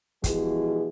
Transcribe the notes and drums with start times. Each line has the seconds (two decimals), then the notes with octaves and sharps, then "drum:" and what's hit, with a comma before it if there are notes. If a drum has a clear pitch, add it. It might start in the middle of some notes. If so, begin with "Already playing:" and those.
0.24 B2 E3 F3 G#3 G4 G#4, drum: kick, hi-hat